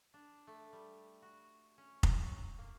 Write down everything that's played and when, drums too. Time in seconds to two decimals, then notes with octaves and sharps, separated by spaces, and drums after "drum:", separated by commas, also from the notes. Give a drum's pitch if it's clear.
0.14 D4
0.47 A3
0.73 G3
1.22 F#4
1.78 C#4
2.03 drum: kick F1
2.23 F#3
2.58 A#3